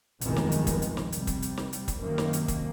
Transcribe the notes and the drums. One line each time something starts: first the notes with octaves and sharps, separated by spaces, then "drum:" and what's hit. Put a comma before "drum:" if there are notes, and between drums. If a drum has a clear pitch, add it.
F1 B1 E2 G2 D#3 G#3, drum: hi-hat
drum: snare
drum: hi-hat
drum: kick, hi-hat
drum: hi-hat
drum: snare
C3 G3, drum: hi-hat
drum: kick, hi-hat
drum: hi-hat
drum: snare
drum: hi-hat
drum: kick, hi-hat
F#2 C3 D#3 A#3
drum: snare
drum: hi-hat
drum: kick, hi-hat